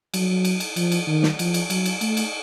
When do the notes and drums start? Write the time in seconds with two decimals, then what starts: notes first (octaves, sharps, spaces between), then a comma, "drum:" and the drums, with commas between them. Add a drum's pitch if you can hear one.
0.14 F#3, drum: cymbal
0.45 drum: cymbal
0.60 drum: cymbal
0.76 F3, drum: cymbal
0.92 drum: cymbal
1.07 D#3
1.23 drum: snare
1.39 F3, drum: cymbal
1.54 drum: cymbal
1.70 F#3, drum: cymbal
1.85 drum: cymbal
2.01 A3, drum: cymbal
2.17 drum: cymbal